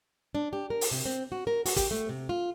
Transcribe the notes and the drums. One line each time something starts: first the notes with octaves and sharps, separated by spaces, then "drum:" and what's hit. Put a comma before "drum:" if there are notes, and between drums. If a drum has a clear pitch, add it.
D4
G4
A#4
drum: open hi-hat
C3
C4
F#4
A#4
F#4, drum: open hi-hat
G4, drum: kick, hi-hat
A3
C3
F4